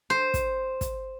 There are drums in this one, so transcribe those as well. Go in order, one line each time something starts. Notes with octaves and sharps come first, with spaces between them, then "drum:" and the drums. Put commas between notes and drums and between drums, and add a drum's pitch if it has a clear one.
C5
drum: kick, hi-hat
drum: kick, hi-hat